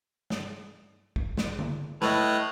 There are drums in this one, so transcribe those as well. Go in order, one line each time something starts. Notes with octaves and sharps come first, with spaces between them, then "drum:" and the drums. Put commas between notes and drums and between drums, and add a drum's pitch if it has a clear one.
drum: snare
drum: kick
drum: snare
drum: tom D3
A2 B4 D#5, drum: snare